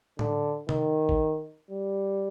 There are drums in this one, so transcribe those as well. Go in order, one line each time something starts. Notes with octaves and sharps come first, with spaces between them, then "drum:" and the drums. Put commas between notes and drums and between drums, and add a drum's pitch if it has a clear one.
D3, drum: tom A2
D#3, drum: tom C3
drum: kick
G3